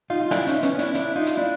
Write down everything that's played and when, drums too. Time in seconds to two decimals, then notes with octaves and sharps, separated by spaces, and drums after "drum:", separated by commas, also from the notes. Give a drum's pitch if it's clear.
0.10 D#4 F4
0.22 F4
0.31 D4 E4, drum: rim click
0.47 C#4 D#4, drum: hi-hat
0.63 B3 C#4, drum: hi-hat
0.79 D4 E4, drum: hi-hat
0.95 D4 E4, drum: hi-hat
1.16 D#4 F4
1.26 drum: hi-hat
1.37 D4 E4